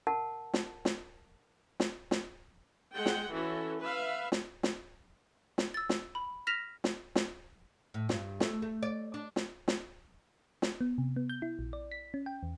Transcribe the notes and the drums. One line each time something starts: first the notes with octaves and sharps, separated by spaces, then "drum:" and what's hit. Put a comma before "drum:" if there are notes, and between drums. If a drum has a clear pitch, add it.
A#4 F#5 A5
drum: snare
drum: snare
drum: snare
drum: snare
G#3 F#5 G5
drum: snare
E3 C#4 F#4 A4
B4 E5 F5
drum: snare
drum: snare
drum: snare
E6 A6
drum: snare
B5
F6 A#6 B6 E7 F7
drum: snare
drum: snare
A2
G2, drum: snare
A3, drum: snare
A3
D5
D4
drum: snare
drum: snare
drum: snare
B3
C3
B3
G6
E4
A#1
D5
B6
C#4
G5
E2